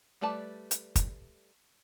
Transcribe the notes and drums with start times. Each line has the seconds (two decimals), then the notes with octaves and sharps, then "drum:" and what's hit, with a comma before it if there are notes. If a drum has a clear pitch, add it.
0.21 G3 A3 B4 D5 A5
0.71 drum: hi-hat
0.96 drum: kick, hi-hat